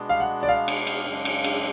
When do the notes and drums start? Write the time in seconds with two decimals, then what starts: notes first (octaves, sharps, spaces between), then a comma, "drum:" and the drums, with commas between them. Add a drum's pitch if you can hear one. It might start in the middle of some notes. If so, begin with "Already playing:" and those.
Already playing: B2 G#3 B3 D4
0.09 F5
0.20 F#5
0.43 D5
0.49 F5
0.68 drum: cymbal
0.87 drum: cymbal
1.06 F#2 C#3 G#3 D4
1.25 drum: cymbal
1.44 drum: cymbal